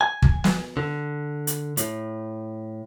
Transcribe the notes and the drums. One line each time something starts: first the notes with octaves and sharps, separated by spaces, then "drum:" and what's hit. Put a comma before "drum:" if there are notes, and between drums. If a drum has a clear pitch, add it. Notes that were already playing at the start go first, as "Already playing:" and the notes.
G#5
drum: kick
drum: snare
D3
drum: hi-hat
A2, drum: hi-hat